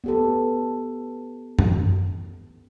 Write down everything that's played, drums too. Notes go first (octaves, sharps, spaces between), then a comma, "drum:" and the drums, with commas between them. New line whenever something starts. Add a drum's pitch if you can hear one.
B3 G4 A4
drum: tom F#2